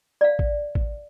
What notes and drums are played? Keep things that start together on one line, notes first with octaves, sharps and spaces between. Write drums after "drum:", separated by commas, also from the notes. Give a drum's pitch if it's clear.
D5 F5
drum: kick
drum: kick